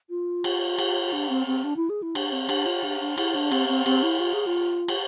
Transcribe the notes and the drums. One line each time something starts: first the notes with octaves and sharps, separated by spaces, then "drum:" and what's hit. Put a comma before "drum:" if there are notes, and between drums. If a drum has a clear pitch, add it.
F4
drum: cymbal
drum: cymbal
D4
C4
C4
D4
E4
G#4
E4
D4, drum: cymbal
C4
D4, drum: cymbal
F4
D4
D4
E4, drum: cymbal
D4
C4, drum: cymbal
C4
C4, drum: cymbal
E4
F4
G#4
F4
drum: cymbal